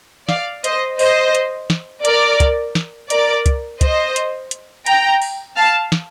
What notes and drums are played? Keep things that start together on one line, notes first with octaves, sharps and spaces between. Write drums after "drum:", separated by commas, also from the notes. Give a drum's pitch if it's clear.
D5 F5, drum: snare
C5 D#5, drum: hi-hat
C5 D#5, drum: open hi-hat
drum: hi-hat
drum: snare
A#4 D5, drum: hi-hat
drum: kick, hi-hat
drum: snare
A#4 D5, drum: hi-hat
drum: kick, hi-hat
C5 D#5, drum: kick, hi-hat
drum: hi-hat
drum: hi-hat
G5 A#5, drum: hi-hat
drum: open hi-hat
F5 A5
drum: snare